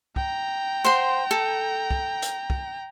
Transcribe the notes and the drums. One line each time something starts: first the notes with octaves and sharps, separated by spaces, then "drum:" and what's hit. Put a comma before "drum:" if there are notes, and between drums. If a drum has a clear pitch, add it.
G5 A#5, drum: kick
C5 F#5 C6
A4
drum: kick
drum: hi-hat
drum: kick